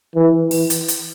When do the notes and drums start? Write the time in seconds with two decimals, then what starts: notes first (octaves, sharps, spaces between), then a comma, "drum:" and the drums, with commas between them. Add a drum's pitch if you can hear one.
0.15 E3
0.51 E3, drum: open hi-hat
0.70 drum: hi-hat
0.88 drum: hi-hat